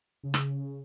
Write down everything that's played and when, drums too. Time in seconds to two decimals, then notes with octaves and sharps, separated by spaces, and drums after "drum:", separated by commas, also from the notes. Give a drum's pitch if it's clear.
0.23 C#3
0.34 drum: rim click